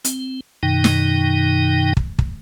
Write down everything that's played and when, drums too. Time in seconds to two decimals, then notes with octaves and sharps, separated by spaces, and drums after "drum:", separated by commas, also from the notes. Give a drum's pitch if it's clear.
0.05 C4, drum: hi-hat
0.63 F#2 B2 D#3 D#4 G5
0.84 drum: snare
1.97 drum: kick
2.19 drum: kick